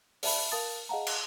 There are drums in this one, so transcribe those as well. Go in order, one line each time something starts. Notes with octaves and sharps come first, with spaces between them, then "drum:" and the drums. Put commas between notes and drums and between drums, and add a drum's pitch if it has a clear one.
D5 E5 A5 B5, drum: open hi-hat
A#4 F5 A5 D#6 A6
G#4 D#5 F5 F#5 A5 A#5
drum: cymbal